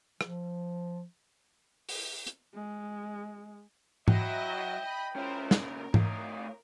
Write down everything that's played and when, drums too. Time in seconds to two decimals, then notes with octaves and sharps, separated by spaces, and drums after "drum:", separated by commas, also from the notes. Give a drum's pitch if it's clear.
0.21 F3, drum: rim click
1.89 drum: open hi-hat
2.27 drum: hi-hat
2.54 G#3
4.08 F#3 E4 D#5 E5 G5, drum: tom G#2
4.81 D#5 B5
5.16 C#4 E4 F4 A#4 C5
5.51 A#2 C#3 A#4, drum: snare
5.94 A2 D#4 F5, drum: tom G#2